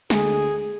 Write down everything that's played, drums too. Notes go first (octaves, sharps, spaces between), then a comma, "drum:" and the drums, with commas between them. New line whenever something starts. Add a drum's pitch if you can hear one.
D2 D3 G#3 G#4, drum: snare